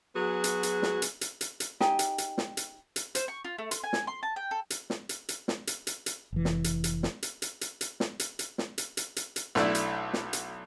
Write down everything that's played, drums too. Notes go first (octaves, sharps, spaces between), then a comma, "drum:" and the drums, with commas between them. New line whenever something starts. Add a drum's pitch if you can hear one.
F#3 B3 F#4 G#4
drum: hi-hat
drum: hi-hat
drum: snare
drum: hi-hat
drum: hi-hat
drum: hi-hat
drum: hi-hat
D#4 G4 G#5, drum: snare
drum: hi-hat
drum: hi-hat
drum: snare
drum: hi-hat
drum: hi-hat
C5, drum: hi-hat
C#6
F4
A3
C6, drum: hi-hat
G#5
drum: snare
C6
A5
G5
A4
drum: hi-hat
drum: snare
drum: hi-hat
drum: hi-hat
drum: snare
drum: hi-hat
drum: hi-hat
drum: hi-hat
F1 E3
drum: snare
drum: hi-hat
drum: hi-hat
drum: snare
drum: hi-hat
drum: hi-hat
drum: hi-hat
drum: hi-hat
drum: snare
drum: hi-hat
drum: hi-hat
drum: snare
drum: hi-hat
drum: hi-hat
drum: hi-hat
drum: hi-hat
B1 A3 D4 E4, drum: snare
drum: hi-hat
drum: snare
drum: hi-hat